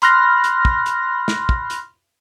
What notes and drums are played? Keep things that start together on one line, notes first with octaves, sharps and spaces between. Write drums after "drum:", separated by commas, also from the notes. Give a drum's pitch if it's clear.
B5 C6 F6 F#6 A#6, drum: hi-hat
drum: hi-hat
drum: kick
drum: hi-hat
drum: snare
drum: kick
drum: hi-hat